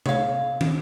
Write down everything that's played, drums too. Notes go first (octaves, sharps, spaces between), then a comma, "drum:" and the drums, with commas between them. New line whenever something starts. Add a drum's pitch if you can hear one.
C#5 F5, drum: tom C3
drum: tom